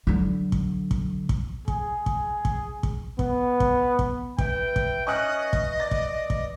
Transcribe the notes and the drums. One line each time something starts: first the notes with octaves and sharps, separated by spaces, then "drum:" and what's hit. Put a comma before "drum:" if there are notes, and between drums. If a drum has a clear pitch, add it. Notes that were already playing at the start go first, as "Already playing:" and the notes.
D3 F#3
drum: kick
drum: kick
drum: kick
G#4, drum: kick
drum: kick
drum: kick
drum: kick
B3, drum: kick
drum: kick
drum: kick
B4 E5 G5, drum: kick
drum: kick
C#4 D#5 C#6 D#6 F#6
drum: kick
D5 A6
drum: kick
drum: kick